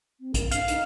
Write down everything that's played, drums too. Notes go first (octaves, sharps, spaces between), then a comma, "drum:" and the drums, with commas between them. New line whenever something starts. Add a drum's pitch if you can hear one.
C4
A#4, drum: kick A#1, hi-hat
D4 F5, drum: hi-hat
D#4, drum: hi-hat